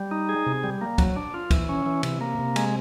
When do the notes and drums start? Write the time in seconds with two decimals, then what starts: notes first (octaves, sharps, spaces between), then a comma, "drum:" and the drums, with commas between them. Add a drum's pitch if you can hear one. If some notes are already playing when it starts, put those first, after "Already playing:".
Already playing: G3
0.11 D#4
0.29 G#4
0.47 C3
0.64 G3
0.81 A#3
0.98 F#3, drum: kick C#2, cymbal
1.16 D4
1.34 F4
1.51 E3, drum: kick C#2, cymbal
1.69 C#4
1.86 E3
2.03 C3, drum: cymbal
2.21 A#3
2.39 C3
2.56 G#3, drum: cymbal